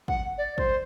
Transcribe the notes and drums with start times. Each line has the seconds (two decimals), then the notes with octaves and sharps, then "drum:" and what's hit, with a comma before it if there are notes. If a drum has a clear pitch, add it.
0.08 F#5, drum: kick
0.38 D5
0.58 C5, drum: kick